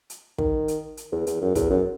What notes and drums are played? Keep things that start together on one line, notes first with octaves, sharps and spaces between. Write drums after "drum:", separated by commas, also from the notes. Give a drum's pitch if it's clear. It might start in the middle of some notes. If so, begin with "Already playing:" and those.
drum: hi-hat
D#3, drum: kick
drum: hi-hat
drum: hi-hat
E2
E2, drum: hi-hat
F#2
E2, drum: kick, hi-hat
F#2